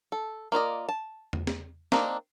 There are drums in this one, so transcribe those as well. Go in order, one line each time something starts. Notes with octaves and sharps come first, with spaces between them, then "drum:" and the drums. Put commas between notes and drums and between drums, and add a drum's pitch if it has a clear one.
A4
A#3 F4 D5 D#5
A5
drum: tom E2
drum: snare
A#3 C4 D4 D#4, drum: snare